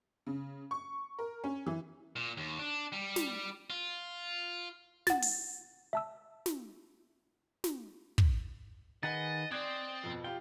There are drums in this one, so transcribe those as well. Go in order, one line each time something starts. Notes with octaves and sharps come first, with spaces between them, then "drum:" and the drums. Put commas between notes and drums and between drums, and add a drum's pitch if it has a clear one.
C#3
C#6
A#4
C#4
E3
A#2
D#2
D4
G3
drum: snare
F4
F#5 A6, drum: snare
drum: open hi-hat
E5 A5 E6
drum: snare
drum: snare
drum: kick
D#3 G#4 B4 D#5 F#5 G#5 A6
C4 C5 D5 D#5 F#6 G#6
F2 B2
F4 G4 G5